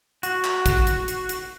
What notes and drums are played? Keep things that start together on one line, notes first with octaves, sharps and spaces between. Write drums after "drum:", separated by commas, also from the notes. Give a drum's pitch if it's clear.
F#4, drum: hi-hat
drum: clap
drum: kick, hi-hat
drum: hi-hat
drum: hi-hat
drum: hi-hat